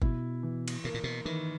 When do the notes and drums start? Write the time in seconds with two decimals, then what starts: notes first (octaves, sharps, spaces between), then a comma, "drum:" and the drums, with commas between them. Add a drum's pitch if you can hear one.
0.02 B2 E4, drum: kick G1
0.43 E3
0.68 drum: cymbal
0.84 B2 A#3
0.94 A#2
1.04 B2
1.25 D#3 E3